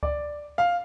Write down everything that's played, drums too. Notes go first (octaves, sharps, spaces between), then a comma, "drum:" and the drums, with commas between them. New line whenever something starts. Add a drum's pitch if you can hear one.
D5, drum: kick C#2
F5